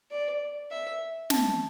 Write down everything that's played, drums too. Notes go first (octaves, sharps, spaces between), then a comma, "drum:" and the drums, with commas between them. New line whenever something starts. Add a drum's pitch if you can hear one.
D5
E5
A5, drum: snare